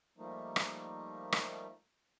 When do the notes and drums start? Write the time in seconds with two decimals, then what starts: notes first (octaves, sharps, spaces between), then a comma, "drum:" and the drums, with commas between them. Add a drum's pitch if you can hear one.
0.18 F3 G3 A3 A#3 D#4
0.56 drum: rim click
1.32 drum: rim click